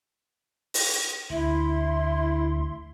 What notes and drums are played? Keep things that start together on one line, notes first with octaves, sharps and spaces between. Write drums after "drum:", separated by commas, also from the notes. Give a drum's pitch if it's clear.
drum: open hi-hat
D2 E4 E5 C6